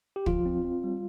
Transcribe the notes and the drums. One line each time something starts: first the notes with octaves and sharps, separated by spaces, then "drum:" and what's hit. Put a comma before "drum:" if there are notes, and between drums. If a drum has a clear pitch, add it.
G4
F3 F4, drum: kick
C4
C4
G3